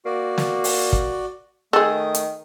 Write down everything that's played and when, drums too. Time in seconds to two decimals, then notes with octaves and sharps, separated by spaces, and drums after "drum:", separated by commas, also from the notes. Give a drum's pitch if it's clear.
0.06 A#3 F#4 D5
0.38 drum: snare
0.64 drum: open hi-hat
0.93 drum: kick
1.73 D#3 A3 G#4 A4 D#6
2.15 drum: hi-hat